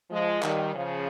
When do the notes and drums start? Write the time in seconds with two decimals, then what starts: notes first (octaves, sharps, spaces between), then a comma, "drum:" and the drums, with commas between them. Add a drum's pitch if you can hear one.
0.10 F3 G#3
0.43 D#3 G3, drum: clap
0.75 C#3 F3